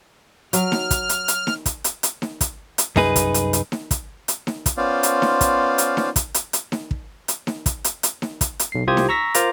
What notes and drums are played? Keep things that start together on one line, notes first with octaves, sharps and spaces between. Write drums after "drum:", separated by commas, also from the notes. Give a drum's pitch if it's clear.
F#3 F6, drum: hi-hat
drum: snare D#4
drum: kick, hi-hat
drum: hi-hat
drum: hi-hat
drum: snare D#4
drum: kick, hi-hat
drum: hi-hat
drum: hi-hat
drum: snare D#4
drum: kick, hi-hat
drum: hi-hat
C2 F#2 D#4 G#4 B4, drum: snare D#4
drum: kick, hi-hat
drum: hi-hat
drum: hi-hat
drum: snare D#4
drum: kick, hi-hat
drum: hi-hat
drum: snare D#4
drum: kick, hi-hat
B3 C#4 F4 C5 D5 F5
drum: hi-hat
drum: snare D#4
drum: kick, hi-hat
drum: hi-hat
drum: snare D#4
drum: kick, hi-hat
drum: hi-hat
drum: hi-hat
drum: snare D#4
drum: kick
drum: hi-hat
drum: snare D#4
drum: kick, hi-hat
drum: hi-hat
drum: hi-hat
drum: snare D#4
drum: kick, hi-hat
drum: hi-hat
B1 C7
C2 F4 G4 C5 D#6 G#6
drum: snare D#4
A#5 C#6 E6 A#6 B6
F4 A#4 C5 A#5 D6, drum: hi-hat